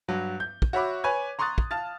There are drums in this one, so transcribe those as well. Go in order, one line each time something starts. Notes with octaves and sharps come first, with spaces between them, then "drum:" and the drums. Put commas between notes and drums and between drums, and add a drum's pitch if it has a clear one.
G2 F#3
G6
drum: kick
F#4 C#5 E5 B5 D6
B4 C#5 G#5 B5 G#6
A#5 C6 C#6 D#6 F#6 A6
drum: kick
F5 A5 F6 A6